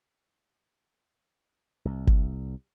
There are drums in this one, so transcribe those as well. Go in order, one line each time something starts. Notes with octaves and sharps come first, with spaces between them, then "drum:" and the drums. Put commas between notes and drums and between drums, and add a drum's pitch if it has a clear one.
C2
drum: kick G1